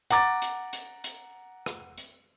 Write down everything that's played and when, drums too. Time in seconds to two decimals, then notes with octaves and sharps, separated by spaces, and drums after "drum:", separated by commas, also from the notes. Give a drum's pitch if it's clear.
0.11 F#5 A#5 D6 A6, drum: hi-hat
0.42 drum: hi-hat
0.73 drum: hi-hat
1.04 drum: hi-hat
1.66 drum: rim click
1.98 drum: hi-hat